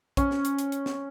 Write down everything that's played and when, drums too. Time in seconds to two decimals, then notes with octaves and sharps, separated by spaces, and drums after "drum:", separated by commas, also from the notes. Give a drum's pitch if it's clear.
0.17 C#4, drum: kick, hi-hat
0.31 drum: snare
0.45 drum: hi-hat
0.59 drum: hi-hat
0.72 drum: hi-hat
0.86 drum: snare